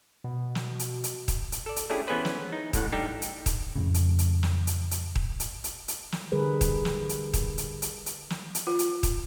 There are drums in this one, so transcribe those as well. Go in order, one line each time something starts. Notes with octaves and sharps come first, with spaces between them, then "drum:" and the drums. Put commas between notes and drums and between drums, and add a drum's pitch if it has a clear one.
B2
drum: snare
drum: hi-hat
drum: hi-hat
drum: kick D#1, hi-hat
drum: hi-hat
A4 D5
drum: hi-hat
A3 C#4 D4 E4 G4 G#4
E3 B3 C#4 G#4 B4 C5
drum: snare
D#4
A1 A2 F#5, drum: kick D#1, hi-hat
G3 D4 D#4 G4 A4
drum: hi-hat
drum: kick D#1, hi-hat
F2 A2 C#3
drum: hi-hat
drum: hi-hat
drum: snare
drum: hi-hat
drum: hi-hat
drum: kick D#1
drum: hi-hat
drum: hi-hat
drum: hi-hat
drum: snare
D3 G3 G#4 A#4 B4
drum: kick D#1, hi-hat
drum: snare
drum: hi-hat
drum: kick D#1, hi-hat
drum: hi-hat
drum: hi-hat
drum: hi-hat
drum: snare
drum: hi-hat
F4
drum: hi-hat
drum: kick D#1, hi-hat